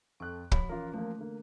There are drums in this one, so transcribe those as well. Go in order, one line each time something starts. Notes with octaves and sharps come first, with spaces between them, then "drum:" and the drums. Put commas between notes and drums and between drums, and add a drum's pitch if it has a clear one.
F2 A4 C#6 F#6
F3 C#5 B5, drum: kick
E3 C#4 F4 A#4
F3 A3 A#3
D3 A#3